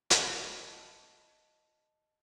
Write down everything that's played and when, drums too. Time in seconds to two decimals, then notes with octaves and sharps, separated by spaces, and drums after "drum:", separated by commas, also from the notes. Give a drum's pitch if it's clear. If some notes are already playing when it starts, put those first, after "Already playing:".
0.10 D#5 A5, drum: hi-hat